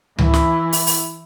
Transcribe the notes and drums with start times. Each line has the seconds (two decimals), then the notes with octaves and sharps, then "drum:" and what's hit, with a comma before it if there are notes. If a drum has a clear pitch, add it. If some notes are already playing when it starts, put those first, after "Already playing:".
0.19 E3 E4, drum: tom C#2
0.34 drum: snare
0.72 drum: open hi-hat
0.87 drum: open hi-hat